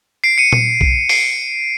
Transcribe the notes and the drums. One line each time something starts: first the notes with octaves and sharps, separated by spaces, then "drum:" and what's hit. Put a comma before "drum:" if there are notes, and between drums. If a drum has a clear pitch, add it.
C7 D7
C#7 D#7
drum: tom A#2
drum: kick
C7 D7, drum: open hi-hat